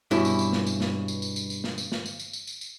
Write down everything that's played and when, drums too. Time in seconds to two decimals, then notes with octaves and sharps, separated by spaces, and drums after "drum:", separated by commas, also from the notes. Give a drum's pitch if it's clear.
0.11 G2 B2 C#4 E4, drum: tambourine
0.25 drum: tambourine
0.39 drum: tambourine
0.53 drum: snare
0.67 drum: tambourine
0.80 drum: snare
1.08 drum: tambourine
1.22 drum: tambourine
1.36 drum: tambourine
1.50 drum: tambourine
1.64 drum: snare
1.78 drum: tambourine
1.92 drum: snare
2.06 drum: tambourine
2.20 drum: tambourine
2.33 drum: tambourine
2.47 drum: tambourine
2.61 drum: tambourine